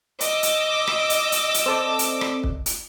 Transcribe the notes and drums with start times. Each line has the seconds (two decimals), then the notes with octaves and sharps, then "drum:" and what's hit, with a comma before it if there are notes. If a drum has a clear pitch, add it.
0.20 D#5 D6 E6, drum: hi-hat
0.43 drum: hi-hat
0.87 drum: rim click
1.10 drum: hi-hat
1.32 drum: hi-hat
1.54 drum: hi-hat
1.66 C4 A4 D5
1.99 drum: hi-hat
2.21 drum: rim click
2.44 drum: kick
2.66 drum: hi-hat